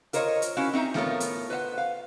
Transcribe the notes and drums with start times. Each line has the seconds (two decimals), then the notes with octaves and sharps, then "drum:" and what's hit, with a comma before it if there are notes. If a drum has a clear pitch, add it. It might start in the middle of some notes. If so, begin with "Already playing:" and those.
0.13 F4 A#4 C5 C#5 D#5, drum: hi-hat
0.42 drum: hi-hat
0.57 C#4 E4 F#4 F5
0.73 C4 D#4 E5 A#5
0.94 A2 B3 F4 A4 A#4 C#5, drum: snare A3
1.20 drum: hi-hat
1.50 B4 C5 E5 F#5
1.78 F5